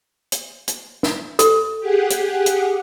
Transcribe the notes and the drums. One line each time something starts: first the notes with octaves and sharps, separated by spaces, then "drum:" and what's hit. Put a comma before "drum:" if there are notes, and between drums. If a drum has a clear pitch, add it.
drum: hi-hat
drum: hi-hat
drum: snare
A4, drum: hi-hat
G4 G#4 F#5
drum: hi-hat
drum: hi-hat